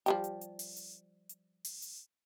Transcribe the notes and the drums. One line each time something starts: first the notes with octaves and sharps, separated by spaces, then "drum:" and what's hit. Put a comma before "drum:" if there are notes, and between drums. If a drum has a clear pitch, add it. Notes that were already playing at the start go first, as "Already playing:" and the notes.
F3 G3 G4, drum: hi-hat
drum: hi-hat
drum: hi-hat
drum: open hi-hat
drum: hi-hat
drum: hi-hat
drum: open hi-hat
drum: hi-hat